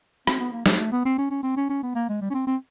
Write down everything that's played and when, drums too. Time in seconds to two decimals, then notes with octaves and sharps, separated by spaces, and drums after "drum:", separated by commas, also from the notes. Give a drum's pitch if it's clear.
0.27 C4, drum: rim click
0.40 B3
0.53 A#3
0.66 G#3, drum: snare
0.79 A3
0.92 B3
1.05 C4
1.18 C#4
1.31 C#4
1.43 C4
1.57 C#4
1.70 C#4
1.83 B3
1.95 A#3
2.09 G#3
2.22 G3
2.30 C#4
2.34 C4
2.47 C4